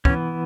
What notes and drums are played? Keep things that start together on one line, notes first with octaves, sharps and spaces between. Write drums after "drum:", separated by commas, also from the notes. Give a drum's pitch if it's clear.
E3 B3 C#4, drum: kick